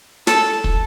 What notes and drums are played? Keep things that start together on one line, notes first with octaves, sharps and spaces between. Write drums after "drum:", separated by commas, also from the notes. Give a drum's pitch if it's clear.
A4, drum: snare
drum: kick